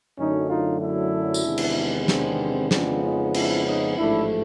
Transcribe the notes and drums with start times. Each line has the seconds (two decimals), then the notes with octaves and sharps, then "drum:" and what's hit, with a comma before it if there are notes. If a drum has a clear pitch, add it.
0.18 F#2 D3 F#3 A3 C#4 D#4
0.50 D#4 F4
0.81 D4 E4
1.34 drum: tambourine
1.45 E2 C3 D#3 G#3 B3
1.58 drum: cymbal
2.08 C4 D4, drum: snare
2.71 F2 C#3 F3 G#3 B3 C4 D4, drum: snare
3.03 C#4 D#4
3.34 D4 E4, drum: cymbal
3.65 C#4 D#4
3.98 A1 G#2 F3 A3 D4 E4